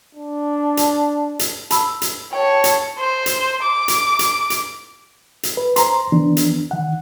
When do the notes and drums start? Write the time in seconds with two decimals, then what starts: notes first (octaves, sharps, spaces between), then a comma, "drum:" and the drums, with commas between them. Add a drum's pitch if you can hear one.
0.15 D4
0.77 drum: hi-hat
1.39 drum: hi-hat
1.70 A5 B5 E6, drum: hi-hat
2.02 drum: hi-hat
2.33 C#5 G5 A5
2.64 drum: hi-hat
2.98 C5
3.26 drum: hi-hat
3.62 D6
3.88 drum: hi-hat
4.19 drum: hi-hat
4.50 drum: hi-hat
5.43 drum: hi-hat
5.57 B4
5.76 C5 A#5 C6, drum: hi-hat
6.12 E3 B3 D4
6.37 drum: hi-hat
6.71 D#3 F#5